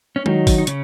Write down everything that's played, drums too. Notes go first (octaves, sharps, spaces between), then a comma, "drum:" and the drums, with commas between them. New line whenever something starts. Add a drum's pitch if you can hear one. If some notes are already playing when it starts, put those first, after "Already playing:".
C#4
D#3 F#3 D#4, drum: tom G#3
drum: kick, open hi-hat
D#4
C#3 C#4, drum: hi-hat